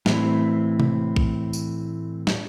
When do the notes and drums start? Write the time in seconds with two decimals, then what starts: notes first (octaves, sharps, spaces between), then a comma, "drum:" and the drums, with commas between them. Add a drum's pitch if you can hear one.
0.06 A2 E3 C4, drum: snare
0.80 drum: tom C3
1.16 drum: kick A#1
1.53 drum: tambourine
2.27 drum: snare